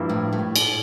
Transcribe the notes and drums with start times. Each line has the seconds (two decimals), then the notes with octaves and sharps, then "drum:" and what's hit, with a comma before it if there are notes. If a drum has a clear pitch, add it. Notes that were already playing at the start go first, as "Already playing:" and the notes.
Already playing: G2 F3 A#3 E4
0.09 A2
0.33 A2
0.56 drum: cymbal